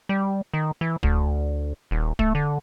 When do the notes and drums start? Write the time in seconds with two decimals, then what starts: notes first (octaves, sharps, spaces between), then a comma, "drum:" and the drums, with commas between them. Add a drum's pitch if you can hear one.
0.09 G3
0.54 D#3
0.81 E3
1.03 D2, drum: kick
1.91 D#1
2.19 A3, drum: kick
2.35 D3